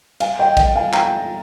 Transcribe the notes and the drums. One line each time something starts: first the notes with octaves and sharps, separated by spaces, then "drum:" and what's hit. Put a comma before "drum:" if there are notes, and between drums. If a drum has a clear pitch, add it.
F5 G#5, drum: cymbal
D#5 G5
D#5 G5, drum: kick, cymbal
F5 G#5
G5 A#5, drum: clap